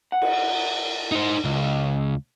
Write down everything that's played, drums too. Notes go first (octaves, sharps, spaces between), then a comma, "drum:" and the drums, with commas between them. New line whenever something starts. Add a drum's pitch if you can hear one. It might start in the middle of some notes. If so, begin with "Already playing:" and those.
F#5
drum: cymbal
D#4 C5
C#2